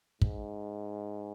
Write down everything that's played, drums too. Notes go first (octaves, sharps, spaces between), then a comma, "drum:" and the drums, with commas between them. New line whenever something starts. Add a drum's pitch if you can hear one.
G#2, drum: kick